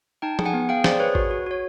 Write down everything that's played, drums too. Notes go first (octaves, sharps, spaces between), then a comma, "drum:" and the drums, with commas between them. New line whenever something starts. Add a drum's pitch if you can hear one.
D#4 G5 A5
G#4, drum: tom F3
F#5 G#5
B3
G#4 F5 G5
G#4 C5 D5, drum: snare
G#4 B4 C#5
F#4, drum: kick
F#4
F#4 C#5